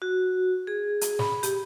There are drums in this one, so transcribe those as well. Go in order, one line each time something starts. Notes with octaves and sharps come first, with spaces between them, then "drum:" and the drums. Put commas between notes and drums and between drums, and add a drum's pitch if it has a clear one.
F#4
G#4
drum: hi-hat
B5, drum: snare
G4, drum: hi-hat